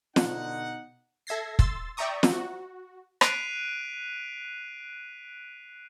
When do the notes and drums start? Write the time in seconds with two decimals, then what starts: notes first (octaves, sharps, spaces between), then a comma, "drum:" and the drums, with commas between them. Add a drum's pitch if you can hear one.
0.16 B2 D3 D#4 F#5, drum: snare
1.27 A4 E5 G#6 A#6 C7
1.59 C6 E6 A6, drum: kick
1.97 D5 E5 G5 A#5 C#6 D#6
2.23 drum: snare
2.33 F#4
3.21 F#6 B6 C7 D7 D#7 F7, drum: rim click